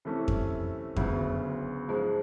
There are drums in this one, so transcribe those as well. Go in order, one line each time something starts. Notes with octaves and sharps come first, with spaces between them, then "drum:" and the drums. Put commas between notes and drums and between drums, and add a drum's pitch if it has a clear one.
C3 E3 A3 C#4
drum: kick F2
D2 C#3 F#3 B3, drum: kick F2
G#2 F3 G#3